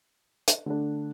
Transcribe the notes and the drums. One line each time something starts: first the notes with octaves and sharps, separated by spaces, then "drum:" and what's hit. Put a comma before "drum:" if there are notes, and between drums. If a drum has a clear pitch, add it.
drum: hi-hat
D3 A3 D4